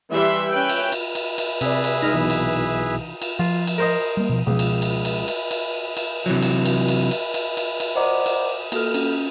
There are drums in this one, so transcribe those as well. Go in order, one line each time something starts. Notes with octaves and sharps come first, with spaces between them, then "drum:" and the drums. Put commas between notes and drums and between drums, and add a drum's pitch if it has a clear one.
E3 G3 E4 B4 E5 C6
C#4 B4 E5 G5
drum: cymbal
drum: cymbal
drum: cymbal
drum: cymbal
C3 G#4 B4 D5 E5, drum: cymbal
drum: cymbal
G#3 D#4 D#5 F6 A#6
B1 B2 E3 E4
drum: cymbal
drum: cymbal
F3 F4
drum: cymbal
A#4 C5 D#5
G3 A#3
B2 F3
C#2 B2 F3
drum: cymbal
drum: cymbal
drum: cymbal
drum: cymbal
drum: cymbal
drum: cymbal
C3 E3 F#3
drum: cymbal
drum: cymbal
drum: cymbal
drum: cymbal
drum: cymbal
drum: cymbal
drum: cymbal
C5 D5 D#5 F#5 A#5 D6
drum: cymbal
A#3 F#4 A4 F6, drum: cymbal
C#4, drum: cymbal